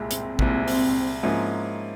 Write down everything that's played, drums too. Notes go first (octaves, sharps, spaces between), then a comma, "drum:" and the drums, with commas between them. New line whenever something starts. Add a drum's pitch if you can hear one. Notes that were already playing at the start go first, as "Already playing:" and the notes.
Already playing: C2 A#2 G#3 E4
C4, drum: hi-hat
C2 A#2 G#3 C4 E4, drum: kick A1
C4, drum: open hi-hat
G#2 F3 A#3 C#4 E4